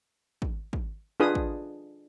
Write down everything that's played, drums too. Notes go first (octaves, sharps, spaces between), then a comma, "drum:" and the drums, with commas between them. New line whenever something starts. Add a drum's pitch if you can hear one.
drum: kick
drum: kick
D4 F4 G#4 B4 D#6
drum: kick